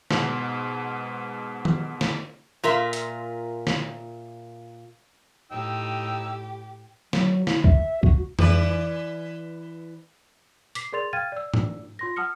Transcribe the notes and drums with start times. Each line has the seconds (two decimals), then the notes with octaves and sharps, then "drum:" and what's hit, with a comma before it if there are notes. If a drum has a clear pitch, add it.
0.11 G#2 B2, drum: snare D3
1.65 drum: tom D#3
2.01 drum: snare D3
2.64 A#2 F4 A#4 E5
2.93 drum: hi-hat
3.67 drum: snare D3
5.52 A2 D#4 G4 G5 E6
7.13 F#3, drum: snare D3
7.47 E4, drum: snare D3
7.64 E5, drum: kick
8.03 F#4, drum: kick
8.39 E3 B4 D5, drum: tom F2
10.75 D6 B6 C7, drum: hi-hat
10.92 G#4 A#4 D5 C6 A6 F7
11.13 F5 G5 F6 G#6 A6 D#7
11.32 D5 E6
11.54 drum: tom G#2
11.99 F4 C6 A#6
12.16 F#5 A5 D#6 F6 C#7